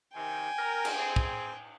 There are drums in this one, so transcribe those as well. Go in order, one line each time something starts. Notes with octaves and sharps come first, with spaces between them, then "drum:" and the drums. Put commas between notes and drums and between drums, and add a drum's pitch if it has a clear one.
C3 D#3 G5 G#5
A#4
drum: cymbal
C4 G#4
drum: kick